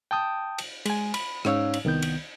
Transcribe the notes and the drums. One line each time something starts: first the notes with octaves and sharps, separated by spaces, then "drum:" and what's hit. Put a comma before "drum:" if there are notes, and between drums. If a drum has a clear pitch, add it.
G5 A5 D#6 G6
drum: cymbal
G#3 G#5, drum: cymbal
B5, drum: cymbal
G#2 C#4 D#4 C#5 F5 E6, drum: rim click
drum: cymbal
C2 D#3 B3 G6
drum: cymbal